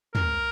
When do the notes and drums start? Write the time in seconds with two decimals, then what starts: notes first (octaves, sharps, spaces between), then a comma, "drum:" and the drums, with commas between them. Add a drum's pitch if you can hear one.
0.15 A#4, drum: tom